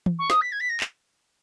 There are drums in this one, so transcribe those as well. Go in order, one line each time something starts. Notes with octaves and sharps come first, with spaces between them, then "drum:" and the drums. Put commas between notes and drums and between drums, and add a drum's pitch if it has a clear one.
drum: tom
C#6
D#6, drum: snare
B6
G#6
B6
A#6
drum: clap